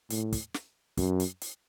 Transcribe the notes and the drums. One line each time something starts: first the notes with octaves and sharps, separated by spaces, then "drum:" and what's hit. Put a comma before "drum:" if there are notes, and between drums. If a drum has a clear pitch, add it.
A2, drum: hi-hat
drum: kick, hi-hat
drum: snare
F#2, drum: kick, hi-hat
drum: hi-hat
drum: hi-hat